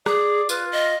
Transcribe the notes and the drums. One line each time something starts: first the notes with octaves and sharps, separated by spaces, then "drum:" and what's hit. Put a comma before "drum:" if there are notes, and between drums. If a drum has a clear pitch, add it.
G#4 D5, drum: rim click
F4 B4, drum: tambourine
D#5